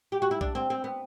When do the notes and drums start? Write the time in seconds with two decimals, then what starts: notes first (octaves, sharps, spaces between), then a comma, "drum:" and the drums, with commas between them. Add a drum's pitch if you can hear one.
0.12 G4
0.22 F#4
0.31 E4
0.41 D4, drum: kick B1
0.55 C4
0.70 C4
0.84 B3